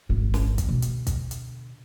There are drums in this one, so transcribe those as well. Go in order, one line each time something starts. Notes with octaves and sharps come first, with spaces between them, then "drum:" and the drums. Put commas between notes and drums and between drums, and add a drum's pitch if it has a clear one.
D#1 G#1
drum: snare
drum: kick, hi-hat
B2 D3
drum: hi-hat
drum: kick, hi-hat
drum: hi-hat